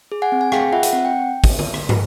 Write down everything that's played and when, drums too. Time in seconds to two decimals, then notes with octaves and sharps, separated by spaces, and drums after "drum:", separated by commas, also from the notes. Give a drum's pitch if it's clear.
0.12 G#4
0.22 F#5 G#5
0.32 C4
0.41 G#5
0.52 G#4 F5 G5, drum: rim click
0.73 F4 E5 F#5
0.83 drum: hi-hat
0.93 C4 F#5
1.05 G5
1.44 drum: kick, open hi-hat
1.59 drum: tom D3
1.74 drum: rim click
1.89 drum: tom